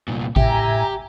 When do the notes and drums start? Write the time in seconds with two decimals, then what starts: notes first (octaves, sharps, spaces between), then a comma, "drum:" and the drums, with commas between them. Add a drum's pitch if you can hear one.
0.08 C2 A#2
0.36 A2 G4 E5 G#5 A#5, drum: kick A1